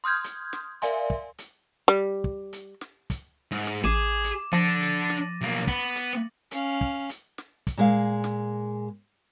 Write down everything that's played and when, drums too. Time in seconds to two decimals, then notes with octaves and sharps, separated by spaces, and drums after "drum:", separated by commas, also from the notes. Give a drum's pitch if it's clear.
0.04 C6 D#6 F6 G6 G#6
0.24 drum: hi-hat
0.53 drum: snare
0.82 A#4 D5 E5 F5 G#5 C6, drum: hi-hat
1.10 drum: kick
1.38 drum: hi-hat
1.88 G3
2.24 drum: kick
2.53 drum: hi-hat
2.81 drum: snare
3.10 drum: kick, hi-hat
3.52 G#2
3.67 drum: snare
3.84 A1 G#4 D6 E7
4.24 drum: hi-hat
4.53 F3 D4 A4 A6 A#6 D#7
4.81 drum: hi-hat
5.10 drum: snare
5.41 B1 A#3
5.67 B3, drum: kick
5.95 drum: hi-hat
6.51 C#4 F5, drum: hi-hat
6.81 drum: kick
7.10 drum: hi-hat
7.38 drum: snare
7.67 drum: kick, hi-hat
7.77 A#2 G#3 F5
8.24 drum: snare